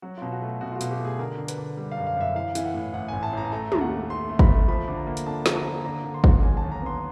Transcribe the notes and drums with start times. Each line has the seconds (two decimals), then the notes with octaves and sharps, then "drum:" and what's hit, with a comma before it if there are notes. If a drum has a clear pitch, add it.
0.02 F#3 F#4
0.17 B2 F4
0.32 F#4
0.42 A3
0.61 B2 F#4
0.71 F4
0.76 F#4
0.81 B2, drum: hi-hat
0.90 G4
0.99 A3
1.04 G#4
1.19 D3 A#4
1.38 D3
1.48 B4, drum: hi-hat
1.58 D3
1.77 G3
1.91 F5
1.97 F#2
2.07 F5
2.16 F#2 E5
2.36 E3 F5
2.55 E3, drum: hi-hat
2.65 F#5
2.74 A2
2.93 A1 F#5
3.08 A1 G#5
3.23 A5
3.33 A1 A#5
3.45 A5
3.52 A3 A#5
3.72 D#2, drum: tom
3.81 F#5
3.90 A3
4.10 A3 C6
4.29 A3
4.39 B5, drum: kick
4.49 A3
4.68 F3 B5
4.88 D3
4.98 A#5
5.07 A#3
5.17 drum: hi-hat
5.26 D3 A5
5.46 F3, drum: snare
5.55 A#5
5.65 A#3
5.85 D3 A#5
6.04 D3
6.14 C6
6.24 D#2, drum: kick
6.43 F#3 G#5
6.57 A5
6.62 D#2
6.72 A#5
6.82 B3 C6